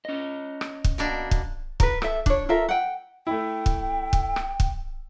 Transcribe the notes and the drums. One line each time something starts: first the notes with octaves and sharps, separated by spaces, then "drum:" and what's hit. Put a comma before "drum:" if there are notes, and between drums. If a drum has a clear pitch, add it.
C#4 D#5
drum: rim click
drum: kick
B2 A#3 D4
drum: kick
A#4 B4, drum: kick
A4 E5, drum: rim click
D4 C#5, drum: kick
F4 A4 A#4 E5
F#5 G5
A3 E4 G5
drum: kick
drum: kick
drum: rim click
drum: kick